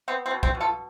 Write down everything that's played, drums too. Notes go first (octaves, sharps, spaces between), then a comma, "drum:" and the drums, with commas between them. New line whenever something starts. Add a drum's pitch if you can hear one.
B3 C4
C4
B2
C4, drum: kick
B2
F4 A4